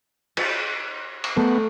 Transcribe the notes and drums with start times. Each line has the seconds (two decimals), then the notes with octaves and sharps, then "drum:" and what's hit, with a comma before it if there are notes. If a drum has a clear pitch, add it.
0.37 A6, drum: cymbal
1.24 drum: cymbal
1.37 A3 B3